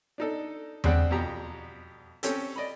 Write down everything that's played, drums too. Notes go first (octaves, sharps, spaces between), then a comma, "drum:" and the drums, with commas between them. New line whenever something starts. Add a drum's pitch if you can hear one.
D4 D#4 A4
G3 C4 D4 G#4 D5 F#5, drum: tom E2
F2 B2 G4 A#5
C4 C#4 G4 A4, drum: hi-hat
D5 D#5 B5